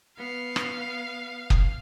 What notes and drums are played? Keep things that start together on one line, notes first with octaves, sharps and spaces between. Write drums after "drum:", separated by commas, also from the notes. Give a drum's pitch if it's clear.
B3 F5
drum: rim click
drum: kick